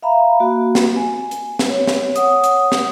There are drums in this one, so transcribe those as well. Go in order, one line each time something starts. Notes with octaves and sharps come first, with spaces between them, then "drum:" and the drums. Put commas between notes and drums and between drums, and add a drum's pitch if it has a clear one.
E5 F5 A#5 B5
A#3 F#4
drum: snare
G#5
drum: hi-hat
drum: snare
C#5
drum: snare
C#5 F#5 D#6, drum: hi-hat
drum: hi-hat
drum: snare